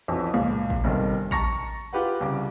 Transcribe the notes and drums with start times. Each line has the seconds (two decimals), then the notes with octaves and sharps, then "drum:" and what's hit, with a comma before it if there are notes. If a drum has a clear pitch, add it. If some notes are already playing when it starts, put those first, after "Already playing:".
0.08 B1 F2 E3 F#3
0.34 C#2 A#2
0.70 drum: kick A1
0.84 G1 G2 C3 D#3
1.31 A5 A#5 C#6 A#6 C#7 F7, drum: kick A1
1.93 F4 G4 B4 F#5
2.20 C2 C#3 D6